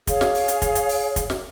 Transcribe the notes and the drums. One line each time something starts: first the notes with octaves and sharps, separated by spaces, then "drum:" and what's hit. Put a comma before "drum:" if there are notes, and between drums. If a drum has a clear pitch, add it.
G#4 C#5 F5, drum: kick, hi-hat
drum: snare
drum: open hi-hat
drum: hi-hat
drum: kick, hi-hat
drum: hi-hat
drum: open hi-hat
drum: kick, hi-hat
drum: snare